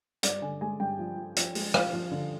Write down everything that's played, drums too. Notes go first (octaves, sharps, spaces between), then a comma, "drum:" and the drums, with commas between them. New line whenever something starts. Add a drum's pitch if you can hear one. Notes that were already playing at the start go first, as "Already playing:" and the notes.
G2 D5, drum: hi-hat
D3 G#5
G#3 G#5
G2 G5
F3
F3
F3, drum: hi-hat
G#3, drum: open hi-hat
F3 F5, drum: rim click
F3
D3